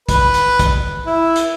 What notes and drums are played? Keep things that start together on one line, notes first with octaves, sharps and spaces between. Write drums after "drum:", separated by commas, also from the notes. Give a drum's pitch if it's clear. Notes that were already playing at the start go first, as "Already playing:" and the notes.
B4, drum: kick, hi-hat
drum: hi-hat
drum: kick, hi-hat
E4
drum: hi-hat